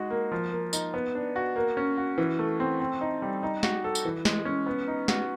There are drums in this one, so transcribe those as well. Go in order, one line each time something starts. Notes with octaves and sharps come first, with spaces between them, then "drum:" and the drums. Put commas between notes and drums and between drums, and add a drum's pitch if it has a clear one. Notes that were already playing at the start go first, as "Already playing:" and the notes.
Already playing: G#3 D#4 F#4
A#3
F3
A#3
D#4, drum: tambourine
B3
D4
F#4
A#3
C#4
F#4
E3
A3
C4
C4
D#4
G3
D#4
F#4, drum: snare
A4
drum: tambourine
E3
G#3, drum: snare
C#4
B3
D#4
F#4, drum: snare